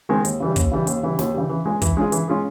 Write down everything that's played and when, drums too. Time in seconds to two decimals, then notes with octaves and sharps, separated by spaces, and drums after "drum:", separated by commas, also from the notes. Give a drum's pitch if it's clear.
0.09 D#3 G#3 C4
0.25 D#2, drum: hi-hat
0.40 C#3 E3 G3
0.56 D#2, drum: kick, hi-hat
0.72 C#3 E3 G3
0.87 D#2, drum: hi-hat
1.03 C#3 E3 G3
1.19 D#2, drum: snare
1.34 C#3 E3 G3
1.50 E3
1.65 G#3 C#4 F4 G#4
1.82 E3, drum: kick, hi-hat
1.97 G#3 C#4 F4 G#4
2.12 E3, drum: hi-hat
2.28 G#3 C#4 F4 G#4